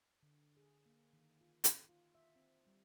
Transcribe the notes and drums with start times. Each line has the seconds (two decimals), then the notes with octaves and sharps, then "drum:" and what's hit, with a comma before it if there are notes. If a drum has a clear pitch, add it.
0.23 D3
0.57 G#4
0.86 A#3
1.13 D#3
1.41 F4
1.64 D#4, drum: hi-hat
1.89 F4
2.15 E5
2.36 C4
2.67 G3